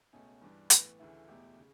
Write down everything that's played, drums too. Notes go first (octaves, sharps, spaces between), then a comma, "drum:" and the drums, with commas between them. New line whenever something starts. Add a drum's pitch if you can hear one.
C#2 B2 A3 C#4
G2 E3 G3 D4
A2 E3 B3, drum: hi-hat
D2 C#3 E3 A3 E4
E2 B2 A3 E4 G4
C#3